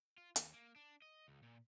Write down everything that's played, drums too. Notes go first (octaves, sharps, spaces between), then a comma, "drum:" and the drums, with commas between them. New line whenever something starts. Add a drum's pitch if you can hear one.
F4
D#2, drum: hi-hat
A#3
D4
D#5
C#2
A#2